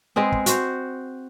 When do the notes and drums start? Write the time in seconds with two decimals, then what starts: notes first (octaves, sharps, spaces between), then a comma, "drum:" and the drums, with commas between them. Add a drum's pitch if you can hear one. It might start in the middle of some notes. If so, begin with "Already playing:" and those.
0.16 G#3 B3 C4 G#4
0.32 drum: kick
0.46 F#4 C5, drum: hi-hat